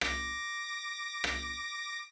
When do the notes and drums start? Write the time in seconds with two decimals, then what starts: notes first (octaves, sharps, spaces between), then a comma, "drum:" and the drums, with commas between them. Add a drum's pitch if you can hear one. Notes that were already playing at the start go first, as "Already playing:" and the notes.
0.01 D6 A#6, drum: rim click
1.24 drum: rim click